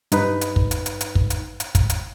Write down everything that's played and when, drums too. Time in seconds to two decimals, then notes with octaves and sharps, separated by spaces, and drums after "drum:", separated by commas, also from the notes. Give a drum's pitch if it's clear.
0.12 G2 D#4 B4, drum: hi-hat
0.41 drum: hi-hat
0.56 drum: kick
0.71 drum: hi-hat
0.86 drum: hi-hat
1.01 drum: hi-hat
1.15 drum: kick
1.30 drum: hi-hat
1.60 drum: hi-hat
1.75 drum: kick, hi-hat
1.90 drum: hi-hat